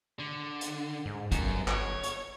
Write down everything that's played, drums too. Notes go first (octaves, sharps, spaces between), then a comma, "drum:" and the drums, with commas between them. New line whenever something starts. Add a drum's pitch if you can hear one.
D3
drum: hi-hat
G#2
G1 F#2, drum: kick, hi-hat
C#5, drum: clap
drum: hi-hat